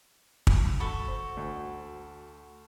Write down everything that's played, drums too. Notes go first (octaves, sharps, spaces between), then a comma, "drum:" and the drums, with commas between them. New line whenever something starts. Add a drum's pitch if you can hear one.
drum: kick
F#4 A4 B5 E6
C5
D2